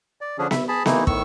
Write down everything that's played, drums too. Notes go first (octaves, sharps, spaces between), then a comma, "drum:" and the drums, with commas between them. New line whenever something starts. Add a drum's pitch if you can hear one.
D5
D3 F3 C#4 D4 G#4
E5 B5, drum: snare B3
G#4 A5 B5
E3 A3 A#3 D#4 E4, drum: snare B3
A2 D#3 C#6 E6, drum: kick